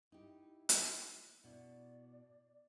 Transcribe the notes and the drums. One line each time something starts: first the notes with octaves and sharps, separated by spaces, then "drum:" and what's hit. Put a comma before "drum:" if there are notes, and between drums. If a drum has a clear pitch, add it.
D#4 E4 G4
drum: hi-hat
B2 E4 D5